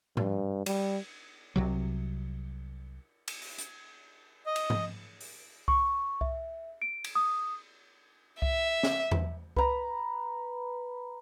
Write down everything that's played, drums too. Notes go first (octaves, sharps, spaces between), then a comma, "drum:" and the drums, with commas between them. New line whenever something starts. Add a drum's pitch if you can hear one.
G2, drum: tom G#2
G3, drum: cymbal
C2 C3 F#3
drum: cymbal
drum: open hi-hat
drum: hi-hat
D#5
drum: cymbal
drum: tom G#2
drum: open hi-hat
C#6, drum: kick C2
E5, drum: kick C2
D7
drum: cymbal
D#6
E5, drum: kick C2
drum: snare
drum: tom E2
B4 A#5, drum: kick C2